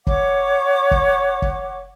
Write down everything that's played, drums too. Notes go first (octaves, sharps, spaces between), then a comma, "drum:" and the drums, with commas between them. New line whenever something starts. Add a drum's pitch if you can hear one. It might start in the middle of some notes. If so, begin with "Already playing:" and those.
C#5 F#5 D6, drum: kick
drum: kick
drum: kick